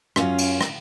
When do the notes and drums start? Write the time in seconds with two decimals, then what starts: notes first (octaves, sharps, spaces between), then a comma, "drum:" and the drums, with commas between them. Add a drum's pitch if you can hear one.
0.16 F#2 C#4 F4, drum: rim click
0.38 drum: cymbal
0.61 drum: rim click